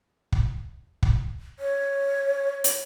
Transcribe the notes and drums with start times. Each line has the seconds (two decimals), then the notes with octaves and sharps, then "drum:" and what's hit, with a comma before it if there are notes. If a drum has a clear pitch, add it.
0.32 drum: kick
1.03 drum: kick
1.59 C#5
2.64 drum: hi-hat